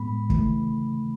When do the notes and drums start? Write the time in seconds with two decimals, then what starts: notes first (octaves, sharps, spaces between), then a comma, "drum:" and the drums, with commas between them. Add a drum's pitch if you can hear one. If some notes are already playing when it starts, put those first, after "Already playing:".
Already playing: A2 G#3 B3 B5
0.30 C#3 E3 A3, drum: kick